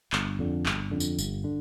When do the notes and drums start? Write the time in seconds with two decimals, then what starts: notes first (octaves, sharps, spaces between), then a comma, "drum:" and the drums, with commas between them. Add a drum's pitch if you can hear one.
0.13 G1, drum: clap
0.39 F2 D3
0.66 G1, drum: clap
0.91 F2 D3
1.00 drum: tambourine
1.19 G1, drum: tambourine
1.44 D3